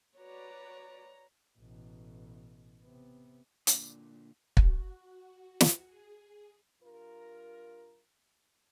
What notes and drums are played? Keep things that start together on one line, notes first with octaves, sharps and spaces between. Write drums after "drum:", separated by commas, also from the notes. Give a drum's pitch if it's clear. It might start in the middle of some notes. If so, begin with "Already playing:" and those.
F#4 B4 C#5 D5 A#5
A1 B2
C3 B3
A#2 D3, drum: hi-hat
F#4, drum: kick
drum: snare
G#4
G2 F4 A#4